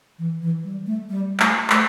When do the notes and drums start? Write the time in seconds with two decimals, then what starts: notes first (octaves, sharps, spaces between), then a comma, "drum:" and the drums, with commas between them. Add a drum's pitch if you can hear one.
0.19 E3
0.42 E3
0.64 G3
0.87 A3
1.10 G3
1.40 A3, drum: clap
1.70 A3, drum: clap